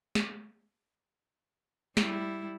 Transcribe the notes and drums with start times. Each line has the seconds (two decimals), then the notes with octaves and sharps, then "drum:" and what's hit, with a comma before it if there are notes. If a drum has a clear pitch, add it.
0.15 drum: snare
1.97 G3 E4, drum: snare